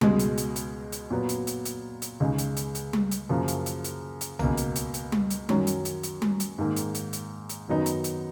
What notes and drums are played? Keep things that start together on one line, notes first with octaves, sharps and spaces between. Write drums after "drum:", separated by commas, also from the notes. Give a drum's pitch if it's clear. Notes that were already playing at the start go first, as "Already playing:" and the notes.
C#2 B2 G#3, drum: tom G3
drum: hi-hat
drum: hi-hat
drum: hi-hat
drum: hi-hat
A#2 F#3 B3
drum: hi-hat
drum: hi-hat
drum: hi-hat
drum: hi-hat
C#2 C#3 G#3 D#4
drum: hi-hat
drum: hi-hat
drum: hi-hat
drum: tom G3
drum: hi-hat
F#2 C#3 F3 A#3
drum: hi-hat
drum: hi-hat
drum: hi-hat
drum: hi-hat
C#2 B2 A#3, drum: tom B1
drum: hi-hat
drum: hi-hat
drum: hi-hat
drum: tom G3
drum: hi-hat
F#2 D#3 F#3 C#4, drum: tom G3
drum: hi-hat
drum: hi-hat
drum: hi-hat
drum: tom G3
drum: hi-hat
G#2 D#3 A#3
drum: hi-hat
drum: hi-hat
drum: hi-hat
drum: hi-hat
F#2 D#3 F#3 B3 D#4
drum: hi-hat
drum: hi-hat